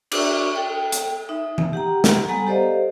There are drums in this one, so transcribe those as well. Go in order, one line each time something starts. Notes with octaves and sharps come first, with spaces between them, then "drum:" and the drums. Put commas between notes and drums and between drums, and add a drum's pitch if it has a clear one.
D4 F#4 D5 E5 C#6, drum: cymbal
A4 G5
drum: hi-hat
D#4 E5
drum: tom E3
G4 F#5 G5 A#5
drum: snare
G3 B3 A4 F#5 G#5 A#5
G4 A4 C5 D5 D#5 F5